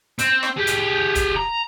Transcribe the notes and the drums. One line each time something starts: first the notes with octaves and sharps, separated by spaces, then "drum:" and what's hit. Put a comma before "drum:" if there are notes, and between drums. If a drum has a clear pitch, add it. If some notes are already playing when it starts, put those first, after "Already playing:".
C4, drum: hi-hat
drum: rim click
G4 G#4
drum: hi-hat
drum: kick, hi-hat
A#5